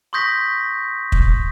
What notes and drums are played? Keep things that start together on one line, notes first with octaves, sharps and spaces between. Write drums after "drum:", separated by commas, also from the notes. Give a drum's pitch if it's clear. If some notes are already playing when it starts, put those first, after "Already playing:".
C6 C#6 D#6 G6 A#6 B6
drum: kick